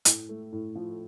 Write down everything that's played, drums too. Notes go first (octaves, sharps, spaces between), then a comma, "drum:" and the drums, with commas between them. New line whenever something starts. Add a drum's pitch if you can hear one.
A2, drum: hi-hat
A3
A2
F3